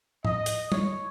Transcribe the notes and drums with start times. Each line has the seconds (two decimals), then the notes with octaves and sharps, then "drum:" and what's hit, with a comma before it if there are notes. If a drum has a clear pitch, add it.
0.25 D#5, drum: tom A2
0.46 drum: hi-hat
0.72 C#5, drum: tom